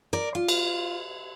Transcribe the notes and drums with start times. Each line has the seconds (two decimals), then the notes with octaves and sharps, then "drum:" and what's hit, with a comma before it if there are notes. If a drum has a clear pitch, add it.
0.13 A#4 D5
0.35 F4
0.48 drum: cymbal